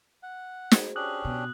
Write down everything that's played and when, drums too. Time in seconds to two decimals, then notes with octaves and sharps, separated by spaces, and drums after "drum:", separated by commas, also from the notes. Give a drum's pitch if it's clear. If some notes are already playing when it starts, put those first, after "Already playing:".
0.23 F#5
0.71 F#4 G#4 C5, drum: snare
0.96 C#4 D4 G4 D#6 F#6 F#7
1.25 B2